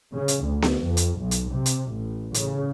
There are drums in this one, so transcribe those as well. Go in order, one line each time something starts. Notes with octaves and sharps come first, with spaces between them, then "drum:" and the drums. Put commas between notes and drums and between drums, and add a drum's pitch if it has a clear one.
C#3
drum: hi-hat
D2
drum: snare B3
F2
drum: hi-hat
B1
drum: hi-hat
C3
drum: hi-hat
A1
C#3, drum: hi-hat